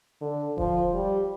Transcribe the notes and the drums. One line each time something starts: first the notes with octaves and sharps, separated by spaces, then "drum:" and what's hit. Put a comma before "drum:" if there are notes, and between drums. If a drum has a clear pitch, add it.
D3
F3, drum: kick E1
G3